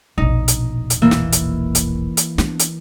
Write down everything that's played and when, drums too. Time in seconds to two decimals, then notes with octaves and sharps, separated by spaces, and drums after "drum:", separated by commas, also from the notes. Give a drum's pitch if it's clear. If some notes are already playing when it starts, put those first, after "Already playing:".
0.18 E1 A#1 D#4
0.48 drum: hi-hat
0.90 drum: hi-hat
1.02 E3 A#3
1.11 drum: snare
1.32 drum: hi-hat
1.75 drum: hi-hat
2.17 drum: hi-hat
2.38 B3 D4, drum: snare
2.59 drum: hi-hat